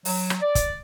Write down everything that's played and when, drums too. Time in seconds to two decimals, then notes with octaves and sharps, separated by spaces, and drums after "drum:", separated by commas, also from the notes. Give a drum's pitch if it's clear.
0.05 F#3, drum: open hi-hat
0.30 drum: rim click
0.41 D5
0.55 drum: kick, hi-hat